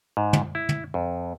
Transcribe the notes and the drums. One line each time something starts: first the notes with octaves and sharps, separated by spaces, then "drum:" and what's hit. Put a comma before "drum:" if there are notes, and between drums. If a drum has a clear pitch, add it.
G#2
drum: tom
E4
drum: tom
F2